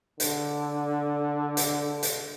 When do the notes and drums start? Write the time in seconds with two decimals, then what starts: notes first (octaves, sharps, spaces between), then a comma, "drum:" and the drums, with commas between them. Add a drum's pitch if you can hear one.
0.20 D3, drum: hi-hat
1.57 drum: hi-hat
2.03 drum: hi-hat